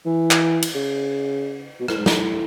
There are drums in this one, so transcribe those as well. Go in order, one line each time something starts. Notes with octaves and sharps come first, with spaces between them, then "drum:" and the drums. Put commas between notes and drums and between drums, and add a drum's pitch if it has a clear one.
E3
drum: clap
drum: cymbal
C#3
B2
A2, drum: rim click
G#2
A2, drum: snare